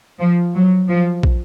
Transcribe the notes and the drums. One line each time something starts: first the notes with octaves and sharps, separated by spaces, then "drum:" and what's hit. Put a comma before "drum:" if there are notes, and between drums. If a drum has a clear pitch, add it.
F3
F#3
F3
drum: kick